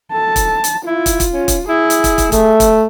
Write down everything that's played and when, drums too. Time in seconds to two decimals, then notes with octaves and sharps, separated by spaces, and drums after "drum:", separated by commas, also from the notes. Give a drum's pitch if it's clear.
0.12 A4 A5
0.36 drum: kick, hi-hat
0.64 drum: hi-hat
0.86 E4 F4
1.06 drum: kick, hi-hat
1.20 drum: kick, hi-hat
1.32 C#4
1.48 drum: kick, hi-hat
1.68 E4 G#4
1.90 drum: hi-hat
2.04 drum: kick, hi-hat
2.18 drum: kick, hi-hat
2.32 A3 E5, drum: kick, hi-hat
2.60 drum: kick, hi-hat